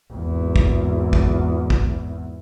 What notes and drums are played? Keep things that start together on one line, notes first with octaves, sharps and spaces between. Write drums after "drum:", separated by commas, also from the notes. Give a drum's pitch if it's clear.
G#1 E2
drum: kick
drum: kick
drum: kick